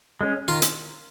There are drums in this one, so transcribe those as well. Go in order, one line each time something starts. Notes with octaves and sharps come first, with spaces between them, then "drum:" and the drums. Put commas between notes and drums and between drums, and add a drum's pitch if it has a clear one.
G#3 C#4
D#3 F4
drum: hi-hat